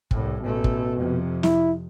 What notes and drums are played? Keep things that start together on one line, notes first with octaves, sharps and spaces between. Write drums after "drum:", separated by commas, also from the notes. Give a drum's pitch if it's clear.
C2 A2, drum: kick
A1 B2 A3
drum: kick
F2 C3
E4, drum: snare